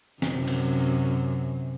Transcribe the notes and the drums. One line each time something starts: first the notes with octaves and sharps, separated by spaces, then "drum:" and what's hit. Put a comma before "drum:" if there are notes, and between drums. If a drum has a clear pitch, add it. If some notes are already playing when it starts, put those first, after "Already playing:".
F#2 C3, drum: snare
drum: cymbal